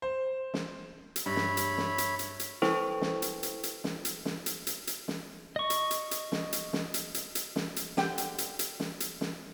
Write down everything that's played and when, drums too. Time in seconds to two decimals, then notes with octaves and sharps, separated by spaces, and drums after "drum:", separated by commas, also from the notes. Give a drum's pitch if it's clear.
0.02 C5
0.54 drum: snare
1.16 drum: hi-hat
1.26 G2 C#5 E5 B5
1.36 drum: snare
1.57 drum: hi-hat
1.78 drum: snare
1.98 drum: hi-hat
2.19 drum: hi-hat
2.40 drum: hi-hat
2.62 E4 A4 B4 C5 G5 C#6, drum: snare
3.01 drum: snare
3.22 drum: hi-hat
3.43 drum: hi-hat
3.63 drum: hi-hat
3.84 drum: snare
4.05 drum: hi-hat
4.25 drum: snare
4.46 drum: hi-hat
4.67 drum: hi-hat
4.87 drum: hi-hat
5.08 drum: snare
5.56 D#5 C#6
5.70 drum: hi-hat
5.91 drum: hi-hat
6.11 drum: hi-hat
6.32 drum: snare
6.53 drum: hi-hat
6.73 drum: snare
6.94 drum: hi-hat
7.14 drum: hi-hat
7.35 drum: hi-hat
7.56 drum: snare
7.76 drum: hi-hat
7.97 D3 G4 G5, drum: snare
8.18 drum: hi-hat
8.38 drum: hi-hat
8.59 drum: hi-hat
8.80 drum: snare
9.00 drum: hi-hat
9.21 drum: snare